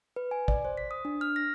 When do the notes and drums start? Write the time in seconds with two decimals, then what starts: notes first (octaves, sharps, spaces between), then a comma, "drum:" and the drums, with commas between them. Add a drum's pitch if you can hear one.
0.16 B4
0.31 G#5
0.48 D5, drum: kick A1
0.65 C5
0.77 B6
0.91 D#6
1.05 D4
1.21 F6
1.36 A#6